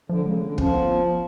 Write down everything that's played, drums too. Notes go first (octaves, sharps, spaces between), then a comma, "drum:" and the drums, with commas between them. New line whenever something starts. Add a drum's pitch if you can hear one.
D3 F3
C#3 G#3
D3 A3
D3 C#4
F3 C#4, drum: kick
B3